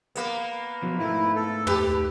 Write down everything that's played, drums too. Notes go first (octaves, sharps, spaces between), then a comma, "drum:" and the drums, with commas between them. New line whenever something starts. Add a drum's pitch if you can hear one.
A#3 B3, drum: hi-hat
B2 F3 F#3
G#2 A3 E4 A#4
A4
G4 B4, drum: tom